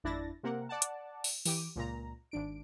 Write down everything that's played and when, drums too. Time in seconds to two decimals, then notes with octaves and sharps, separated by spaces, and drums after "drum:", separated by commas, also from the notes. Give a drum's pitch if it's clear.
0.04 G#1 F2 D4 E4 A6 A#6
0.43 C3 A#3 C4 A#4 F#5
0.69 D5 F#5 A5
0.82 drum: hi-hat
1.24 drum: open hi-hat
1.45 E3 G4 D6 D#7, drum: open hi-hat
1.76 C#2 A#2 A#5
2.31 G#1 D4 D7